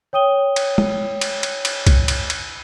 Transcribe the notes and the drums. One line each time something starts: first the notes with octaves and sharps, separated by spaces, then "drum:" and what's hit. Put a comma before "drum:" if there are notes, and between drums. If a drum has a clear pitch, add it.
C#5 G5 D#6 D#7 G7
drum: cymbal
drum: tom G#3
drum: cymbal
drum: cymbal
drum: cymbal
drum: kick, cymbal
drum: cymbal
drum: cymbal